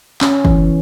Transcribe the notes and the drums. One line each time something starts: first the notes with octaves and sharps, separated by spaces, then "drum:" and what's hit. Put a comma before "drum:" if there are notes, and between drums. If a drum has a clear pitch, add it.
C#4, drum: clap
E3, drum: kick